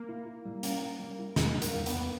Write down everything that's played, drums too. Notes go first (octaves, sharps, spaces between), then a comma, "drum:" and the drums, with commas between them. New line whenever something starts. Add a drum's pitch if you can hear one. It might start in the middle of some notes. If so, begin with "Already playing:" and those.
Already playing: A#3
E4
E4
G3
A#3 C#4, drum: hi-hat
C#4
G3
E4
E2 G#3, drum: snare
G3
A#3, drum: hi-hat
E2
B3, drum: hi-hat
E2